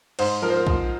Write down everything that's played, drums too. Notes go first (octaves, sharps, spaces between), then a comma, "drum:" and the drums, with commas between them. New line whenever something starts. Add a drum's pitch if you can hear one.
G#2 C5, drum: cymbal
F3 A#4
C5
A#4
F3, drum: kick